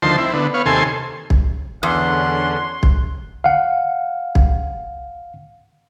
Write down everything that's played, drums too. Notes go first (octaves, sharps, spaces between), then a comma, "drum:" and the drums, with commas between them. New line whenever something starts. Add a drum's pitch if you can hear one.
D2 D#3 F3 C5 A5 C6
C4 E4
D3 B3
B3 C#5 F5
D#2 C3 A4 G#5 C6
drum: kick
E2 D3 C#4 D4 F#5 C6
drum: kick
F5 F#5
drum: kick